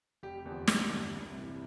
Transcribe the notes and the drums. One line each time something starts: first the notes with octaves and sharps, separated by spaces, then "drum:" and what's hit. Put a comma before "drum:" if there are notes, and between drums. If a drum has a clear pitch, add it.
F1 G4
E2 D3 F3
A1, drum: snare
G2 D3 F3
C2
C3 E3